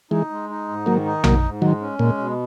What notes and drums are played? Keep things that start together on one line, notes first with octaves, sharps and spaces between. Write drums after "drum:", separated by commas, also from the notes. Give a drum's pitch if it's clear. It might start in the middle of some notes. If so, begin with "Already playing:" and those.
E3 G#3 D#4
G#3
D#4
G#2
D#3 F#3 A#3
D#4
G#2 F#3 A#3, drum: tom A#1
G#2
D#3 F#3 G#3
C#4
A#2 G#3
B2